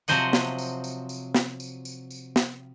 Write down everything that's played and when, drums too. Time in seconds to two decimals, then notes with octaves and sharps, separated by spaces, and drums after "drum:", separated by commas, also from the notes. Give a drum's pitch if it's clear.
0.08 C3 F3 F#3 C5 D#5 F#5, drum: tambourine
0.33 drum: snare
0.59 drum: tambourine
0.84 drum: tambourine
1.09 drum: tambourine
1.35 drum: snare
1.60 drum: tambourine
1.85 drum: tambourine
2.11 drum: tambourine
2.36 drum: snare